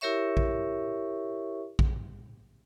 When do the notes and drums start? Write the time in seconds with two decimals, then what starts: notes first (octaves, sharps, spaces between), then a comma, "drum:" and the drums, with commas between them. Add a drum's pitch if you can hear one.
0.01 E4 G4 A#4 C#5 E5 C#6
0.37 drum: kick A#1
1.79 drum: kick A#1